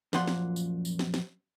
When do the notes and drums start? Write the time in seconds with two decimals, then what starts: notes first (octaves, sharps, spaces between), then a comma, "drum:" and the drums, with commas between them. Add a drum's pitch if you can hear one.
0.13 F#2 A#2 F3 F#5 C6, drum: snare
0.27 drum: snare
0.56 drum: tambourine
0.85 drum: tambourine
0.99 drum: snare
1.14 drum: snare